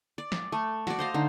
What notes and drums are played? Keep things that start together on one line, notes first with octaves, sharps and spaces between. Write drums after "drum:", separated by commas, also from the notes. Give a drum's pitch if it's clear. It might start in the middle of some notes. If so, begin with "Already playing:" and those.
D5
drum: snare
A3
F#4 D5, drum: snare
C5 D#5 F5
D3 D#4